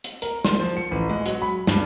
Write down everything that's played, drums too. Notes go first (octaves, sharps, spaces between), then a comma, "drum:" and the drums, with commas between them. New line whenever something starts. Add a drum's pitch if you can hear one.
drum: hi-hat
A#4, drum: hi-hat
C6, drum: snare
F3
C#7
A1
G#3
F#3, drum: hi-hat
B5
G2, drum: snare